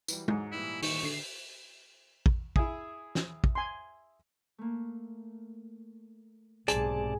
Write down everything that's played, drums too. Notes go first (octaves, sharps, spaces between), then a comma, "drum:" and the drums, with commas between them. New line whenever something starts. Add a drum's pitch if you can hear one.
E3 F#3 G3, drum: tambourine
G#2 F#3, drum: tom G#3
A#2 E3 G3 E4
D#3 C#6, drum: open hi-hat
D3 C7
drum: kick
E4 G#4, drum: kick
drum: snare
drum: kick
G#5 C6
A3 A#3
B1 G#2 C3 G#4 D5 G#5 A5, drum: hi-hat